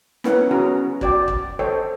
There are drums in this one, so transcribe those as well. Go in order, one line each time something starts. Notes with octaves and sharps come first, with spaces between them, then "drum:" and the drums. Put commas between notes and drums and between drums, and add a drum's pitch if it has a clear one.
B3 C#4 E4 A#4 B4 F#5, drum: snare
C#4 F#4 G#4 A#5
F#4 D5 G5, drum: kick
drum: kick
A4 C5 C#5 D#5 G5